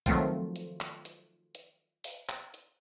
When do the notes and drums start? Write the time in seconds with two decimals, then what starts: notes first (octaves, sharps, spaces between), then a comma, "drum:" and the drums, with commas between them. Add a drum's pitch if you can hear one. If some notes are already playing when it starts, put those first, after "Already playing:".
0.06 D#3 F3 F#3 A3 C4 F4, drum: kick B1, hi-hat
0.56 drum: hi-hat
0.80 drum: clap
1.05 drum: hi-hat
1.55 drum: hi-hat
2.04 drum: open hi-hat
2.29 drum: clap
2.54 drum: hi-hat